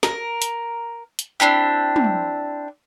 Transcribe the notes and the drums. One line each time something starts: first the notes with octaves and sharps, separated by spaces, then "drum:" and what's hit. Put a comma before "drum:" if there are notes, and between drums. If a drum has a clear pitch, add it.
A#4, drum: snare
drum: hi-hat
drum: hi-hat
C4 D4 E4 G4
drum: tom